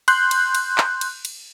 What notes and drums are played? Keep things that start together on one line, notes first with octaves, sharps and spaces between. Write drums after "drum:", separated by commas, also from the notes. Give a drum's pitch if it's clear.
C6 F#6 G6, drum: cymbal
drum: cymbal
drum: cymbal
drum: clap
drum: cymbal
drum: cymbal